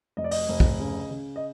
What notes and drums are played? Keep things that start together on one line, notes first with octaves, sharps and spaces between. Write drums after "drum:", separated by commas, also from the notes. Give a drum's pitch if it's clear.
F1 D#5
D5
D#5, drum: open hi-hat
F1
drum: kick
C#3
C#3
D#5